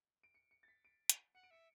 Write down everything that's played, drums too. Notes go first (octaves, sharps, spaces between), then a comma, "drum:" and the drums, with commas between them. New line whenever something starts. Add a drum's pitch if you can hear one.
D7
C#7
C#7
A6
B6
D7
drum: hi-hat
F#5 C#7
D7
E5 C#7